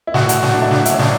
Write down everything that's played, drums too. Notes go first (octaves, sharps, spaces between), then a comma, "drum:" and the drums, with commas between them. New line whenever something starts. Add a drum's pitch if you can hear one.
E4
A2 F#4, drum: snare
drum: hi-hat
F#3 A3, drum: snare
D4
E4
A2 F#4, drum: snare
E4, drum: hi-hat
C#4
F#3 D4, drum: snare